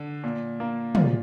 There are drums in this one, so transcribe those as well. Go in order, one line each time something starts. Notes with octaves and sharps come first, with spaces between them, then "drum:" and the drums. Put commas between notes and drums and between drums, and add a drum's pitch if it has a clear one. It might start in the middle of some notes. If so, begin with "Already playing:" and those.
Already playing: D3
A#2
A#3
A#2 F4, drum: tom